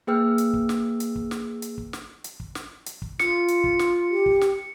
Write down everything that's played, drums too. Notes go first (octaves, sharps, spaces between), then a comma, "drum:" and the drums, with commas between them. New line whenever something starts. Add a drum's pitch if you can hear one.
A#3 G#4 B4 G5 E6 F6
drum: hi-hat
drum: kick
drum: snare
drum: hi-hat
drum: kick
drum: snare
drum: hi-hat
drum: kick
drum: snare
drum: hi-hat
drum: kick
drum: snare
drum: hi-hat
drum: kick
F4 C#7, drum: snare
drum: hi-hat
drum: kick
drum: snare
G4
drum: kick
drum: snare